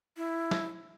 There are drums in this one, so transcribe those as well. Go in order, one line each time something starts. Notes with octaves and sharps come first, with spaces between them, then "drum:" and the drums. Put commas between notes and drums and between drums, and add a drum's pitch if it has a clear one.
E4
drum: snare